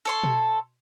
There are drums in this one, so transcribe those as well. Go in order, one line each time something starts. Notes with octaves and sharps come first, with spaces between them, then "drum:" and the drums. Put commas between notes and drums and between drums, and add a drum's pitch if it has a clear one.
A4 C#5 C6
drum: tom B2